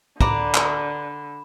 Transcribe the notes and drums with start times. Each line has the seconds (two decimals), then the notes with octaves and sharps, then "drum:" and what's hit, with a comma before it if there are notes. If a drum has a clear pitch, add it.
0.21 D3 B4 D5 A#5 B5 E7, drum: kick
0.55 drum: clap